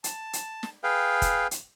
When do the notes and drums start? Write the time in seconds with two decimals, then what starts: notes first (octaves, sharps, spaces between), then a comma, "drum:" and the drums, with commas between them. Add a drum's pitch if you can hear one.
0.04 A5, drum: hi-hat
0.33 drum: hi-hat
0.63 drum: snare
0.84 G#4 B4 F5 G5
1.22 drum: kick, hi-hat
1.51 drum: hi-hat